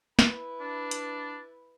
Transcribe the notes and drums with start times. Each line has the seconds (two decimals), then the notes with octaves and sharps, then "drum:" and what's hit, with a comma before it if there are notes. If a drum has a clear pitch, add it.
0.19 E4 B4, drum: snare
0.60 D4
0.91 drum: hi-hat